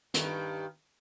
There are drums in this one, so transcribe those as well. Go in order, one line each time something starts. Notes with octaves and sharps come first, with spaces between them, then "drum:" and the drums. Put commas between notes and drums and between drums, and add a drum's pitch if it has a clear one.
G2 D#3, drum: hi-hat